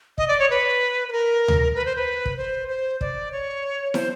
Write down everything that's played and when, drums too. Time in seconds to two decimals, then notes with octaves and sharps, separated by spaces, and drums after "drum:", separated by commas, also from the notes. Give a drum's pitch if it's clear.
0.18 D#5, drum: kick
0.28 D5
0.39 C#5
0.50 B4
1.08 B4
1.12 A#4
1.48 drum: tom D2
1.75 B4
1.85 C5
1.96 B4
2.25 drum: kick
2.37 C5
2.68 C5
3.01 D5, drum: kick
3.32 C#5
3.94 C5, drum: snare